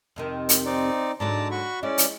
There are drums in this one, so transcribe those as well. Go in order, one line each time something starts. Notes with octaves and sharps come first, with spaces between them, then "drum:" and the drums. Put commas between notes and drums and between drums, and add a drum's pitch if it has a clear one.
F2 C3 D#3
drum: hi-hat
C4 D#4 D5
G#2 D3 F#3 D5 A5 A#5
F#4 B5 C#6
G#3 C#4 E4 D5
drum: hi-hat